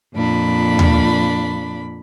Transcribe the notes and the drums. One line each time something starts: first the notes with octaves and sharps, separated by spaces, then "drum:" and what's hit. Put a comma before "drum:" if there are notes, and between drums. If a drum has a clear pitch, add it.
F2 A#2 D4 B5
drum: tom D#2